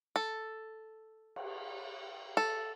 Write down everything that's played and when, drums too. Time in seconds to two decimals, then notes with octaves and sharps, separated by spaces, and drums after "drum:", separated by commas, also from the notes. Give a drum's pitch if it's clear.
0.16 A4
1.36 drum: cymbal
2.37 A4